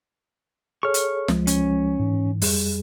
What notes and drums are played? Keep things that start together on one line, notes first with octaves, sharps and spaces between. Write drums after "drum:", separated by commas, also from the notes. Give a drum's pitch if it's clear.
G#4 A4 C#5 C#6 F6
drum: hi-hat
C#2 F3 G#3, drum: snare
C#4, drum: hi-hat
G#2 E3
F2 G3 G#4, drum: open hi-hat